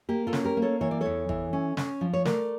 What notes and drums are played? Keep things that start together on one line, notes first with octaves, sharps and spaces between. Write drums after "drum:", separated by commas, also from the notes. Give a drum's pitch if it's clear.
A#3 G4
F4 A4
C#4, drum: snare
G4 A#4
A#3
A4 C#5
E3 C#5
D5
E2 A4 C#5
E3, drum: kick G1
C#4
C#4, drum: snare
F3
C#5
A3 A#4 D5, drum: snare